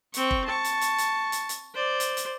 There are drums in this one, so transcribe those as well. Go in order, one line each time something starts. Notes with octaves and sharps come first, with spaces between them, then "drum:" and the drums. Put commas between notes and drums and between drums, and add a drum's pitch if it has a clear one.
C4 C#6, drum: hi-hat
drum: kick
A5 C#6
drum: hi-hat
drum: hi-hat
drum: hi-hat
drum: hi-hat
drum: hi-hat
C5 D5
drum: hi-hat
drum: hi-hat